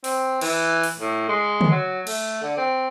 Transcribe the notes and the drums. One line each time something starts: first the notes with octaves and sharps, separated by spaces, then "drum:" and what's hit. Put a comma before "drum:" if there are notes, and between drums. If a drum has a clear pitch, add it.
C4, drum: open hi-hat
E3, drum: cymbal
drum: open hi-hat
A2
G#3
drum: tom
F#3
A3, drum: cymbal
D3
C4